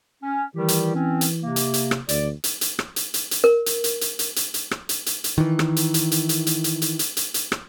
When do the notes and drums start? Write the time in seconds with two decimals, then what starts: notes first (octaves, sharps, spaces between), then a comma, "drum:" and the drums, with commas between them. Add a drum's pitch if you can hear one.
0.23 C#4
0.56 D#3 E3 G3 G4
0.68 drum: hi-hat
0.95 C4 C#4
1.21 drum: hi-hat
1.43 C3 A#3
1.56 drum: hi-hat
1.74 drum: hi-hat
1.91 drum: rim click
2.09 D2 D5, drum: hi-hat
2.44 drum: hi-hat
2.61 drum: hi-hat
2.79 drum: rim click
2.96 drum: hi-hat
3.14 drum: hi-hat
3.31 drum: hi-hat
3.44 A#4
3.66 drum: hi-hat
3.84 drum: hi-hat
4.01 drum: hi-hat
4.19 drum: hi-hat
4.36 drum: hi-hat
4.54 drum: hi-hat
4.71 drum: rim click
4.89 drum: hi-hat
5.06 drum: hi-hat
5.24 drum: hi-hat
5.38 D#3 E3
5.59 drum: rim click
5.76 drum: hi-hat
5.94 drum: hi-hat
6.12 drum: hi-hat
6.29 drum: hi-hat
6.47 drum: hi-hat
6.64 drum: hi-hat
6.82 drum: hi-hat
6.99 drum: hi-hat
7.17 drum: hi-hat
7.34 drum: hi-hat
7.52 drum: rim click